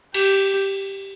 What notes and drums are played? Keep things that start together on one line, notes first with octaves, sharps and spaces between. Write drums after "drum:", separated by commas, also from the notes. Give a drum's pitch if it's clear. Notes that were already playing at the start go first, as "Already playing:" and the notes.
G4, drum: cymbal